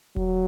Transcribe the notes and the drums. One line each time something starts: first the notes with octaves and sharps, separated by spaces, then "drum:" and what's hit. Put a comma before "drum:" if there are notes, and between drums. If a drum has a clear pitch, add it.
F#3, drum: kick E1